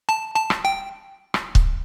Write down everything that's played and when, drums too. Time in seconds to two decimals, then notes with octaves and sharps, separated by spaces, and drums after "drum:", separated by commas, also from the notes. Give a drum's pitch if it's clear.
0.09 A5
0.36 A5
0.50 drum: rim click
0.65 G5
1.34 drum: rim click
1.55 drum: kick C#1